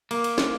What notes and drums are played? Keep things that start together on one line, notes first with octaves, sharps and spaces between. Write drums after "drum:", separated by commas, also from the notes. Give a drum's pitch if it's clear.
A#3, drum: cymbal
drum: cymbal
drum: snare